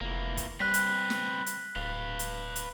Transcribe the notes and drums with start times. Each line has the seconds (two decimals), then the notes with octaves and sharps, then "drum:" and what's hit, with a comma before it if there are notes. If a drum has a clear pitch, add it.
0.01 F1 E3 A#3
0.37 drum: kick, hi-hat
0.60 G3 C4 B4 F#6 B6
0.74 drum: hi-hat
1.10 drum: snare
1.46 drum: hi-hat
1.76 D1 B4 F5
2.19 drum: hi-hat
2.56 drum: hi-hat